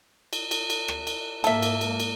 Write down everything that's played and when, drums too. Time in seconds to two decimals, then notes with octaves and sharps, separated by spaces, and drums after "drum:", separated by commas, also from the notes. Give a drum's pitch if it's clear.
0.33 drum: cymbal
0.51 drum: cymbal
0.70 drum: cymbal
0.88 drum: rim click
1.07 drum: cymbal
1.44 G#2 A#3 A4 E5, drum: cymbal
1.62 drum: cymbal
1.81 drum: cymbal
2.00 drum: cymbal